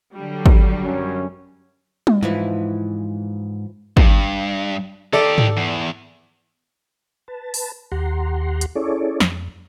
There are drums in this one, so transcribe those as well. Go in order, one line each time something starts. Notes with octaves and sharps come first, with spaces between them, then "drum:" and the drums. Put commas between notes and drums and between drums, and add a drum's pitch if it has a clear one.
D3 F#3 G3
drum: kick
F#2 C#4
drum: tom G3
G#2 E3 F3 E4
G2, drum: kick
D#3 G4 A4 D5
drum: tom G#2
E2
B4 A5
drum: open hi-hat
D#2 G4 F#5 A#5 C6
drum: hi-hat
C#4 E4 G#4 A4 C#5 D5
F2, drum: snare